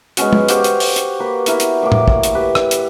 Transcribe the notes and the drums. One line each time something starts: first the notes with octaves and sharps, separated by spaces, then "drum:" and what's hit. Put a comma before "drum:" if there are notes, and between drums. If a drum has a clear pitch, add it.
G#3 B3 C#4 F#4, drum: hi-hat
drum: tom
F#4 G4 C5 F5, drum: hi-hat
drum: hi-hat
drum: open hi-hat
drum: hi-hat
A#3 B4
B3 E4 A#4, drum: hi-hat
drum: hi-hat
A2 A#3 D6
drum: tom A2
drum: kick
drum: hi-hat
G4 B4
drum: rim click
drum: hi-hat